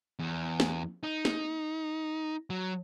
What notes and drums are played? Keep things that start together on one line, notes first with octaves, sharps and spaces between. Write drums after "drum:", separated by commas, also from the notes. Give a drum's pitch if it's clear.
E2
drum: snare
D#4
drum: snare
F#3